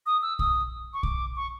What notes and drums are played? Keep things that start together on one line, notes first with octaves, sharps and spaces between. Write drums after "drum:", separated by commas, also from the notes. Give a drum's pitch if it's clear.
D#6
E6
D#6, drum: kick
C#6
D6, drum: kick
C#6